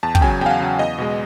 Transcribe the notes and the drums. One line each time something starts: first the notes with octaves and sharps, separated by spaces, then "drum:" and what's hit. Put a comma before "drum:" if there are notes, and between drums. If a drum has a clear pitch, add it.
E2 A5
G5, drum: kick
C#3 F#3 G#5
E2 G5
F5
F#5
C#3 F#3
E2 D#5
B2 G#3